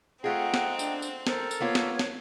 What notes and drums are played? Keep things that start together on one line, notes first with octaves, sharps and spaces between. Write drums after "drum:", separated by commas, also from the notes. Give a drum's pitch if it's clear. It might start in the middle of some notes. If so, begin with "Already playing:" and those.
A3 C4 F4 G#4 D#5 F#5 G5 A#5
drum: snare
D4, drum: tambourine
drum: tambourine
A4 A#4 C5 A#5, drum: snare
drum: tambourine
A#3 B3 F4 C#5
drum: snare
drum: snare